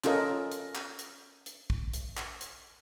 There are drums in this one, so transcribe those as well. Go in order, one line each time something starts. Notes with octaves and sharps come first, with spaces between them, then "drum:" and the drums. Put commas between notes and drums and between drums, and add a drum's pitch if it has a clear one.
C#4 F4 A4 A#4 D#5, drum: clap
drum: hi-hat
drum: clap
drum: hi-hat
drum: hi-hat
drum: kick
drum: hi-hat
drum: clap
drum: hi-hat